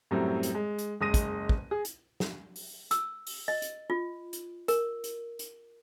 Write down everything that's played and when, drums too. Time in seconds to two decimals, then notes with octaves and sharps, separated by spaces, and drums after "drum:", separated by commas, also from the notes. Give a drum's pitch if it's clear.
0.11 F#2 A2 F#3 G3 C4
0.43 drum: hi-hat
0.55 G#3
0.79 drum: hi-hat
1.01 F#1 G#3 D#6 A#6 D#7
1.14 drum: kick, hi-hat
1.49 drum: kick
1.71 G#4
1.85 drum: hi-hat
2.20 drum: snare
2.56 drum: open hi-hat
2.91 E6, drum: hi-hat
3.27 drum: open hi-hat
3.48 D#5
3.62 drum: hi-hat
3.90 F4
4.33 drum: hi-hat
4.68 A#4, drum: hi-hat
5.04 drum: hi-hat
5.39 drum: hi-hat